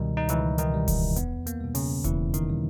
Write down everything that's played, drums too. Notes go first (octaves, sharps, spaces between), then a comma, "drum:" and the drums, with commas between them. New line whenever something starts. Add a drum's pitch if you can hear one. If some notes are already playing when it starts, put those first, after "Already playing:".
Already playing: C#2 B2 D#3 G3 D#4
D#4
C#2 E3 E4, drum: hi-hat
D#3 D#4, drum: hi-hat
B2 G3
drum: kick D#1, open hi-hat
E2 B3, drum: hi-hat
A#3, drum: hi-hat
B2 G3
C#3 C#4, drum: open hi-hat
E2 E3 E4, drum: kick D#1, hi-hat
D#3 D#4, drum: hi-hat
B2 G3